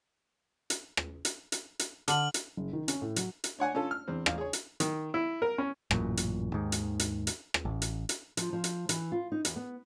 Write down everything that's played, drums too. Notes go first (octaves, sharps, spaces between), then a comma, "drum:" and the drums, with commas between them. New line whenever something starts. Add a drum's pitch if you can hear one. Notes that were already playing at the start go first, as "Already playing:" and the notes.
drum: hi-hat
drum: rim click
drum: hi-hat
drum: hi-hat
drum: hi-hat
D3 F6 F#7, drum: hi-hat
drum: hi-hat
F#1
D#3
C#4, drum: hi-hat
A2
F#3, drum: hi-hat
drum: hi-hat
D4 C#5 F#5 G#5
C#4 F4 A4
F6
E2 C4
A1 F5, drum: rim click
G#4 C#5
drum: hi-hat
D#3, drum: hi-hat
E4
A#4
C#4
A1 F#2 A#2, drum: rim click
drum: hi-hat
D#2 G#2 D#3
drum: hi-hat
drum: hi-hat
drum: hi-hat
drum: rim click
A1
drum: hi-hat
drum: hi-hat
F3, drum: hi-hat
F3
drum: hi-hat
E3, drum: hi-hat
F4
D#4
E2, drum: hi-hat
B3